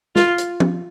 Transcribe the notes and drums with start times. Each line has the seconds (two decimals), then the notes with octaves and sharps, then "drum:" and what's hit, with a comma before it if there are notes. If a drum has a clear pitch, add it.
0.16 F4, drum: snare
0.38 drum: hi-hat
0.60 drum: tom